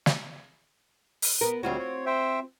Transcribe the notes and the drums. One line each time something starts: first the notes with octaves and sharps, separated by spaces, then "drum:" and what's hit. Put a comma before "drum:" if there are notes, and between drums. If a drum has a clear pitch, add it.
drum: snare
drum: open hi-hat
B3 A#4
D2 G3 C4 F4 F#4 C#5
C#5
C5 E5 G5